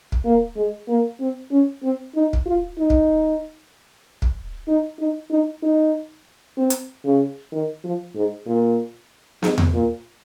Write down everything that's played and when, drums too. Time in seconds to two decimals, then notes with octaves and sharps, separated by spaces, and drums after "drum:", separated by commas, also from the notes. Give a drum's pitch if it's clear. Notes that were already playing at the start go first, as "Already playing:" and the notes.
0.12 drum: kick
0.25 A#3
0.56 G#3
0.88 A#3
1.20 C4
1.51 C#4
1.83 C4
2.15 D#4
2.33 drum: kick
2.46 F4
2.78 D#4
2.90 drum: kick
4.22 drum: kick
4.68 D#4
4.99 D#4
5.30 D#4
5.63 D#4
6.57 C4
6.70 drum: hi-hat
7.05 C#3
7.52 D#3
7.84 F3
8.16 G#2
8.47 A#2
9.43 G#2, drum: snare
9.58 drum: tom E2
9.74 A#2